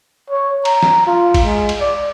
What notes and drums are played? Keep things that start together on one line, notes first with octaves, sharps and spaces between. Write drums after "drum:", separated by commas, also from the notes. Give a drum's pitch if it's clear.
C#5
A#5, drum: cymbal
drum: snare
F4
drum: kick G#1, cymbal
G#3
drum: cymbal
D5